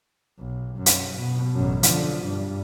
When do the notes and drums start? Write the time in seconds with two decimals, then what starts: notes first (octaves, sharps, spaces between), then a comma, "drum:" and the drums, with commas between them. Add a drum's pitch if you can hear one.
0.39 B1
0.77 F#2
0.86 drum: hi-hat
1.16 B2
1.54 A1 F#2
1.83 D3 F3, drum: hi-hat
2.24 G2